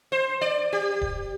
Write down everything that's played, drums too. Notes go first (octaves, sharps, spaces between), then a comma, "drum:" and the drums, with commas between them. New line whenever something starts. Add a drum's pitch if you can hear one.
C5
D5
G4
drum: kick D#1